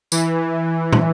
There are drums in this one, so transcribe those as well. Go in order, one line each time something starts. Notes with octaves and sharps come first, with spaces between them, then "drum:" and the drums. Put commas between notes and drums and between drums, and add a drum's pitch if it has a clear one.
E3, drum: tambourine
drum: tom